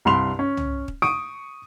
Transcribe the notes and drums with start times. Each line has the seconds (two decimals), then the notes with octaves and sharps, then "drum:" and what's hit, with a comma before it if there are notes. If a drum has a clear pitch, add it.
0.05 C2 G2 B5 C6 F7
0.39 C#4
0.57 drum: tom C2
0.88 drum: kick
1.02 C#6 D#6 D7, drum: snare